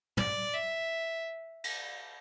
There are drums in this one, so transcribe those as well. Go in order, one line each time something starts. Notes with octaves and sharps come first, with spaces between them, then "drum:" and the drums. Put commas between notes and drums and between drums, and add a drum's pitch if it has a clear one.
D5, drum: tom
E5
drum: cymbal